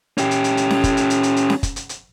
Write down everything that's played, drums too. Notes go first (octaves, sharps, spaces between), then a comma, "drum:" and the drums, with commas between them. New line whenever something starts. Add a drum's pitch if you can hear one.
C#4 G4, drum: hi-hat
drum: hi-hat
drum: hi-hat
drum: hi-hat
drum: snare C#4
drum: kick, hi-hat
drum: hi-hat
drum: hi-hat
drum: hi-hat
drum: hi-hat
drum: snare C#4
drum: kick, hi-hat
drum: hi-hat
drum: hi-hat